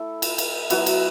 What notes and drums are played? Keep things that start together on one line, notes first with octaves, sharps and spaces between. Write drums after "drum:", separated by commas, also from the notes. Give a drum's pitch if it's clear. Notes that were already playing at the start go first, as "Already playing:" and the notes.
Already playing: A3 E4
drum: cymbal
drum: cymbal
F#3 B3 E4 F#4, drum: cymbal
drum: cymbal